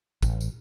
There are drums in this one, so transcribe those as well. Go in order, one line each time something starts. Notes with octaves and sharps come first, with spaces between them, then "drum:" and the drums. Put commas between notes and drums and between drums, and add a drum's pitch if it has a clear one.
A1, drum: kick, tambourine
drum: tambourine